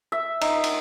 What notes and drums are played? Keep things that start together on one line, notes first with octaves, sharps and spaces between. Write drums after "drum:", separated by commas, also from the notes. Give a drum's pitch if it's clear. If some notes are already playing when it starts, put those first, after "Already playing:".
E5
D#4, drum: cymbal
drum: cymbal